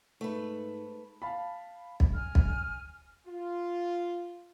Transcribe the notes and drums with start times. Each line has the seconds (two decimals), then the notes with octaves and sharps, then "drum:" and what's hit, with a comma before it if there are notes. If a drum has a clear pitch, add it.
0.21 G#2 A3 B4
1.22 F5 A5 B5
2.00 drum: kick
2.14 G#5 F6
2.35 drum: kick
3.27 F4